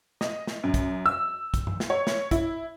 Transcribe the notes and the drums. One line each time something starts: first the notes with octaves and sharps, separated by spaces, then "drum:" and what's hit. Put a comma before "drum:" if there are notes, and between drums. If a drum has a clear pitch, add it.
D#5, drum: snare
drum: snare
F#2
drum: kick, hi-hat
E6
drum: kick, hi-hat
drum: tom F#2
drum: snare
C#5
drum: snare
E4, drum: kick, hi-hat